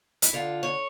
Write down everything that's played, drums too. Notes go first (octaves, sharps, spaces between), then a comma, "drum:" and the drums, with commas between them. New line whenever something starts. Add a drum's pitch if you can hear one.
E4, drum: hi-hat
D3 F4
C#5